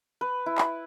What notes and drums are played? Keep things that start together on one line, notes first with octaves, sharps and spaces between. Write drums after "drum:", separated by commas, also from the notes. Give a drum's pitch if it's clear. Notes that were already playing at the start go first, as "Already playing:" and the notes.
B4
E4
drum: clap